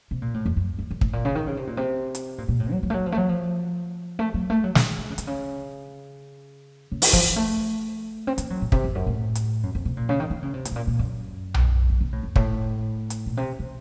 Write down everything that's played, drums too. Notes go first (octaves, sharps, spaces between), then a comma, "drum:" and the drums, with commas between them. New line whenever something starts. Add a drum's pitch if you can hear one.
C3
A#2
A2
F2
F#2
F#2
F#2
A2, drum: kick
A#2
C#3
D#3
C#3
C3
A#2
C3
drum: hi-hat
A#2
A#2
A2
F#3
F#3
A3
F#3
F3
A3
F#3
F3
A3
F#3
A3
F#3
F#3, drum: snare
D#3
C#3
C3, drum: hi-hat
C#3
C#3
D#3, drum: open hi-hat
F3, drum: kick
F#3
A3
C4
A#3, drum: hi-hat
F#3
A2
C3, drum: kick
F2
F#2
A2
drum: hi-hat
F#2
F2
C3
A#2
C#3
D#3
D#3
C#3
C3
A#2, drum: hi-hat
A2
A#2
A#2
F#2
drum: tom B1
F#2
C3
A2
F2
A2, drum: kick
drum: hi-hat
A#2
C3
C3